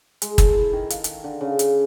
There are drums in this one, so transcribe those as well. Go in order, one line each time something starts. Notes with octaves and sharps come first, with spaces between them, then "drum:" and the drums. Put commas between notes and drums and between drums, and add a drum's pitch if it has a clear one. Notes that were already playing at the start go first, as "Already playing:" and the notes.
G#3, drum: hi-hat
A4, drum: kick, hi-hat
E4
D#3
F5, drum: hi-hat
drum: hi-hat
D3
C#3
drum: hi-hat